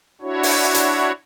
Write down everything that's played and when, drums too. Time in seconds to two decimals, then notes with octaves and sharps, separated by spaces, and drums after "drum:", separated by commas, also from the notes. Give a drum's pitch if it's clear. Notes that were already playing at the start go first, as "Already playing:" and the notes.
0.21 D4 E4 F#4 C#5
0.43 drum: open hi-hat
0.74 drum: hi-hat